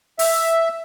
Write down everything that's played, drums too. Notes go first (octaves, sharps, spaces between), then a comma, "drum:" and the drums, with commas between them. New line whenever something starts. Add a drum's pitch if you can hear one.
E5, drum: open hi-hat